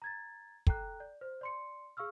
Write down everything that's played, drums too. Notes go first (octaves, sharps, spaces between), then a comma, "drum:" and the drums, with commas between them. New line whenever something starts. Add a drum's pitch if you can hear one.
A#5 G#6 A6
A4 G5 A#5 F#6, drum: kick
D5
C5
D5 C6 C#7
G#4 F5 C#6 E6 F6